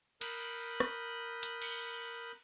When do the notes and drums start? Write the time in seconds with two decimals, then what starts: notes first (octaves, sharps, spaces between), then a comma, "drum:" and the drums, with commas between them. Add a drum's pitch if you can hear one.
0.21 A#4 B5 D#6 F#6 G6, drum: cymbal
0.80 drum: rim click
1.43 drum: hi-hat
1.61 drum: cymbal